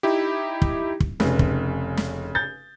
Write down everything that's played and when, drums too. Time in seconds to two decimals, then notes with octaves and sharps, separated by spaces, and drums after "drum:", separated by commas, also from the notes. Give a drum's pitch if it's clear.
0.03 D#4 E4 G4
0.62 drum: kick
1.00 drum: kick
1.20 F1 C#3, drum: snare
1.39 drum: kick
1.97 drum: snare
2.35 G6 A6